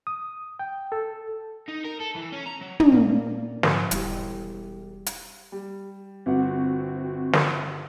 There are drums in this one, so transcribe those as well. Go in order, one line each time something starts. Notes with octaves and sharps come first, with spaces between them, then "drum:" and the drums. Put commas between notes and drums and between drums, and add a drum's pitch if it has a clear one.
D#6
G5
A4
D#4
A#4
A4
E3
C#4
A#5
F#3
drum: tom
A#2 A#3 D5
G#2 F3 G#5, drum: snare
E1 G3 E4 G4, drum: hi-hat
drum: hi-hat
G3
G1 C4 F#4 F#5
drum: snare